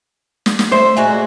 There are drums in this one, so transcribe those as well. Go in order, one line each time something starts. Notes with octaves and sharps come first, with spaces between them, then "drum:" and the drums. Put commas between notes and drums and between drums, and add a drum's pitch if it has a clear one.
drum: snare
drum: snare
A3 C5 E5
A#2 G#3 F#4